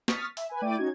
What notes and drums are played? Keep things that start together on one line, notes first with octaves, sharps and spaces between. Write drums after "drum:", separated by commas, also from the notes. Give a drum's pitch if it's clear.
C#6 D#6 F6 A6 B6, drum: snare
E5, drum: open hi-hat
B4 G#5
A3 E4 D5 G5 D6 D#7
C#4 D#4 F#4 G#6